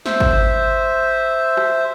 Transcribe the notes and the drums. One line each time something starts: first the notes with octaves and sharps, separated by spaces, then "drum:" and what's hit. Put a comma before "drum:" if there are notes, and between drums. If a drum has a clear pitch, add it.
C5 E5, drum: snare
drum: kick
drum: rim click